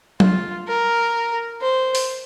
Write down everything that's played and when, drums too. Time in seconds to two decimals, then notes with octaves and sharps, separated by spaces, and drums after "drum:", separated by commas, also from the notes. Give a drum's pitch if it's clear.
0.20 F4, drum: tom F#3
0.68 A#4
1.62 C5
1.95 drum: open hi-hat